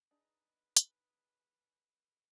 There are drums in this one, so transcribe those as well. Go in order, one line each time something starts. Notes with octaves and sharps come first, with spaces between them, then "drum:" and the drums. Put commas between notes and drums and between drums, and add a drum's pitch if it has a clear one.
D4 D#4 G#4 B4 A#5
drum: hi-hat